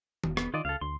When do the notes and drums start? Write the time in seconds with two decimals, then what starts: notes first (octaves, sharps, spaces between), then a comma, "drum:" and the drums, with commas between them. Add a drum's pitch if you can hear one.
0.24 E1, drum: tom D#3
0.37 B3, drum: rim click
0.54 D#3 F4 D5 D#5
0.65 C#2 A4 F5
0.81 D2 C6